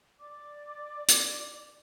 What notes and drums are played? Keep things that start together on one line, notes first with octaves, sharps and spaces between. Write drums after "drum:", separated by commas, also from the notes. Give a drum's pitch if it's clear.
D5 D6
drum: hi-hat